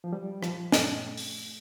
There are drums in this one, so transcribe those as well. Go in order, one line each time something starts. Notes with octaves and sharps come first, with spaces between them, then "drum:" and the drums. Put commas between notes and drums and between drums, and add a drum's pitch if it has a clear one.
F3
G3
F3, drum: rim click
A3, drum: snare
drum: open hi-hat